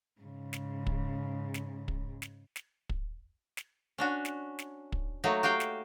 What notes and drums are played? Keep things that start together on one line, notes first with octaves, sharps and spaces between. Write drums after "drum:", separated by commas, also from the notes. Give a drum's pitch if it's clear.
G#2 C#3
drum: snare
drum: kick
drum: snare
drum: kick
drum: snare
drum: snare
drum: kick
drum: snare
C#4 D4 F#4
drum: snare
drum: snare
drum: kick
F#3 A3 A#3 D#4
F#4 G4 F5 G5
drum: snare